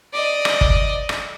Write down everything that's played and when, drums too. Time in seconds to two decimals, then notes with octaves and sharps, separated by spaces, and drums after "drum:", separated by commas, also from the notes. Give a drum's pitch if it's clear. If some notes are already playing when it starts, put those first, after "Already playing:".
0.13 D5 D#5
0.45 drum: rim click
0.61 drum: kick G1
1.09 drum: rim click